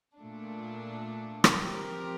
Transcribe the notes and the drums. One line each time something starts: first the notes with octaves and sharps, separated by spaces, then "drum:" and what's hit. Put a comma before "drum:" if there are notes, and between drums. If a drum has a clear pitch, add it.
A#2 A3 D4
drum: rim click
F3 C4 G4 A#4